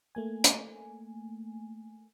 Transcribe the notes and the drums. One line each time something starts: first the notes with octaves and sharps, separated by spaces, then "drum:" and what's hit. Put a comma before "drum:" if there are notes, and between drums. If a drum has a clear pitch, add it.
A3 A#3 G#5
drum: hi-hat